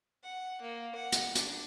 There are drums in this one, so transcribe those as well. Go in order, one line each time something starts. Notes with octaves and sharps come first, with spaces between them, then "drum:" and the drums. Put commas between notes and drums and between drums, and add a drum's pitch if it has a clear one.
F#5
A#3
F#5
drum: hi-hat
D4, drum: hi-hat